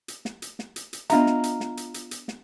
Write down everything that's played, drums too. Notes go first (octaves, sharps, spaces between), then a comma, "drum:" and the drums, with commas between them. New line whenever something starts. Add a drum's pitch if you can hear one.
drum: hi-hat
drum: snare
drum: hi-hat
drum: snare
drum: hi-hat
drum: hi-hat
B3 D4 F4 D#5 E5 A#5, drum: hi-hat
drum: snare
drum: hi-hat
drum: snare
drum: hi-hat
drum: hi-hat
drum: hi-hat
drum: snare